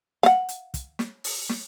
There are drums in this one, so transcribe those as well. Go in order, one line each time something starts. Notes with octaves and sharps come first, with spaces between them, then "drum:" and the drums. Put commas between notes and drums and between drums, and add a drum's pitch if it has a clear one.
F5 F#5, drum: snare
drum: hi-hat
drum: kick, hi-hat
drum: snare
drum: open hi-hat
drum: snare